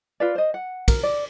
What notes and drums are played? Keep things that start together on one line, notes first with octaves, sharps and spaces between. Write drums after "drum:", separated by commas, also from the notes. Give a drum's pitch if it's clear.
F4 B4 D5
C5 D#5
F#5
A#4, drum: kick, cymbal
D5